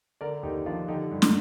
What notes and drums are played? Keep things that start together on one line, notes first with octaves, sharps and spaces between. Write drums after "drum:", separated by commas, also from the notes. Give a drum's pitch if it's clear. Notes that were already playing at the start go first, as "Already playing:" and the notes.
D3 A#4 D5
D#2 D#4 G4
F3 D4 F4
D3 D#4 G4
G2
drum: snare